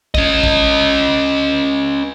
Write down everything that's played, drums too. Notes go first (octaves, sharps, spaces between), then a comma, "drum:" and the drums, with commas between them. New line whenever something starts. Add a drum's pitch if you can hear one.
C#4 D#5, drum: kick
drum: kick